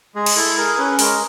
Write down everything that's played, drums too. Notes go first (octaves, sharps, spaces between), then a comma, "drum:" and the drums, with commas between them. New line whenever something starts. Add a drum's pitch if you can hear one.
G#3 G#4
drum: cymbal
E4 A4
G#4 A#4
C#4 B4
G#3 A#4, drum: open hi-hat